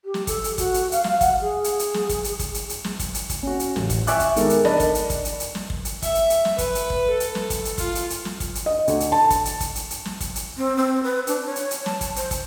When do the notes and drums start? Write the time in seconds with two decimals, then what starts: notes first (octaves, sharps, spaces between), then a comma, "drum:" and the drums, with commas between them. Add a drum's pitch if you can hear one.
0.05 G4
0.14 drum: snare
0.27 A4, drum: kick, hi-hat
0.44 drum: hi-hat
0.58 F#4, drum: kick, hi-hat
0.74 drum: hi-hat
0.92 F5, drum: hi-hat
1.04 drum: snare
1.21 F#5, drum: kick, hi-hat
1.41 G#4
1.64 drum: hi-hat
1.79 drum: hi-hat
1.94 drum: snare
2.09 drum: kick, hi-hat
2.24 drum: hi-hat
2.39 drum: kick, hi-hat
2.54 drum: hi-hat
2.69 drum: hi-hat
2.84 drum: snare
2.99 drum: kick, hi-hat
3.14 drum: hi-hat
3.30 drum: kick, hi-hat
3.43 C#4 F#4
3.60 drum: hi-hat
3.76 A1, drum: snare
3.90 drum: kick, hi-hat
4.07 E5 G5 G#5 C#6 D6 F#6, drum: hi-hat
4.20 drum: kick, hi-hat
4.36 D#3 G#3 B3 A4 A#4, drum: hi-hat
4.50 drum: hi-hat
4.65 D4 A#4 D5 D#5 A5 B5, drum: snare
4.80 drum: kick, hi-hat
4.95 drum: hi-hat
5.10 drum: kick, hi-hat
5.25 drum: hi-hat
5.40 drum: hi-hat
5.55 drum: snare
5.70 drum: kick
5.85 drum: hi-hat
6.02 E5, drum: kick, hi-hat
6.15 drum: hi-hat
6.30 drum: hi-hat
6.45 drum: snare
6.58 B4, drum: kick, hi-hat
6.75 drum: hi-hat
6.90 drum: kick
7.10 A4
7.20 drum: hi-hat
7.35 drum: snare
7.50 drum: kick, hi-hat
7.65 drum: hi-hat
7.78 F4, drum: kick, hi-hat
7.95 drum: hi-hat
8.10 drum: hi-hat
8.25 drum: snare
8.40 drum: kick, hi-hat
8.55 drum: hi-hat
8.66 D#5
8.87 D2, drum: hi-hat
9.00 drum: hi-hat
9.12 A5
9.30 drum: kick, hi-hat
9.45 drum: hi-hat
9.60 drum: kick, hi-hat
9.75 drum: hi-hat
9.90 drum: hi-hat
10.05 drum: snare
10.20 drum: kick, hi-hat
10.36 drum: hi-hat
10.57 C4
10.76 C4
11.04 B4
11.27 D4, drum: hi-hat
11.45 C#5
11.56 drum: hi-hat
11.71 drum: hi-hat
11.86 A5, drum: snare
12.01 drum: kick, hi-hat
12.16 C5, drum: hi-hat
12.31 drum: kick, hi-hat